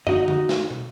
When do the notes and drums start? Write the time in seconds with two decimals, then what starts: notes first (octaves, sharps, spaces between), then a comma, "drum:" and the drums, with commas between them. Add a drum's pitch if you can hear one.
0.07 D#4 F#4 D#5, drum: tom
0.28 drum: tom D3
0.49 drum: snare
0.70 drum: tom